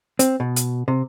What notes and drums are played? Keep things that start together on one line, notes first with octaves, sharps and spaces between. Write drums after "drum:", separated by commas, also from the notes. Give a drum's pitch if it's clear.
C4, drum: hi-hat
B2
drum: hi-hat
C3